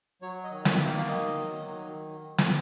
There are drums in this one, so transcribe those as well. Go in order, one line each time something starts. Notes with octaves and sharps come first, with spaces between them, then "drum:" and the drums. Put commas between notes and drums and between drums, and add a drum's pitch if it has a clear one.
F#3 C#5
D#5
D#3
E5, drum: snare
A#3
F5
D#3 D#5
F#3
D#3
drum: snare